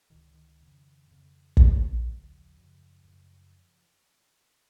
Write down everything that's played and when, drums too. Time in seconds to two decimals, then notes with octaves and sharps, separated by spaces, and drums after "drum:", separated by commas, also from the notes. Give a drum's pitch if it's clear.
0.10 C#2 B2 D#3
0.34 D#3
0.60 F2 C#3
1.08 F2 C#3
1.57 D#2 C#3 F3, drum: kick
1.74 G#3
1.90 F#3
2.06 D#2 C#3 F3
2.56 F#2 C#3
3.04 F#2 C#3